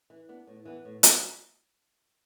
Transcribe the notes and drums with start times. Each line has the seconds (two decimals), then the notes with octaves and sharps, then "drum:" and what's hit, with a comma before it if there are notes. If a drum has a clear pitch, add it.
0.10 E3
0.29 B3 D4
0.47 A2
0.65 E3 B3
0.85 A2
1.03 E3 B3, drum: hi-hat